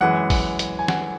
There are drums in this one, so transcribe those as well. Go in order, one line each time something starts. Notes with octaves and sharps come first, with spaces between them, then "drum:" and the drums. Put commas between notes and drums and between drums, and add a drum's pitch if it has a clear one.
F#2 E3 G#3 F#5
drum: kick, open hi-hat
drum: hi-hat
G#5
F#5, drum: snare